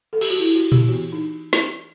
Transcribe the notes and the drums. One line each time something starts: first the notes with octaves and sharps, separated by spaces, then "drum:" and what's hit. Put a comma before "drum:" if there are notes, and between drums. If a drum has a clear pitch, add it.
A4
G4, drum: cymbal
F#4
E4
F#4
G4, drum: tom A#2
E3 B3 F#4
D#4
drum: snare